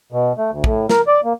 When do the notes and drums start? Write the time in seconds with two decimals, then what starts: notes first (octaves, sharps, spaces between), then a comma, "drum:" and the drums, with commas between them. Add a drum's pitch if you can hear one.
0.12 B2
0.38 A3
0.51 D2
0.64 A2, drum: kick
0.89 A#4, drum: snare
1.07 D5
1.25 A#3